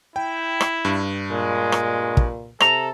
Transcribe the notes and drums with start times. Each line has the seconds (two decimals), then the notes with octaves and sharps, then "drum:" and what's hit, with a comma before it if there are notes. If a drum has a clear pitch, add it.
0.16 E4 G5
0.61 drum: rim click
0.85 G2
1.32 A#2 G#3
1.72 drum: rim click
2.17 drum: kick
2.60 C3 A4 A#5, drum: rim click